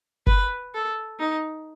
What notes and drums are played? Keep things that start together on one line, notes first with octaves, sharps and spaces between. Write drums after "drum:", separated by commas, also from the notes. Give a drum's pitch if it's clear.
B4, drum: kick F#1
A4
D#4